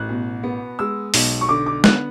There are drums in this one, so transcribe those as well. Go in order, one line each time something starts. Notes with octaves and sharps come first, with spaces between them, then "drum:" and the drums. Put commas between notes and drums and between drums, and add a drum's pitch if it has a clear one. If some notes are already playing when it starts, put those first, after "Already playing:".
Already playing: A1 F#6
B2
B3
G#3 E6
B1, drum: open hi-hat
C#6
D3 D6
D6
B3 F#6, drum: snare